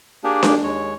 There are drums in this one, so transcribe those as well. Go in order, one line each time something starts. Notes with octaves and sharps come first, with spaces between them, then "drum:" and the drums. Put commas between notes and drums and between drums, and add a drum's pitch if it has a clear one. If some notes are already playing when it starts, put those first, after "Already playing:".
A#3 D4 G4 G#4
drum: snare D4
D#2 G#3 C#5